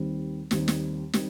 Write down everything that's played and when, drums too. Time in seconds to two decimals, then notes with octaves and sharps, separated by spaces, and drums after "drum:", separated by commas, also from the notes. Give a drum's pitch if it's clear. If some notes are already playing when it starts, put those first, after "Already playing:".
Already playing: D#2 D#3 G3 C4
0.51 D#2 D#3 G3 C4, drum: snare
0.68 drum: snare
1.13 D#3 G3 C4, drum: snare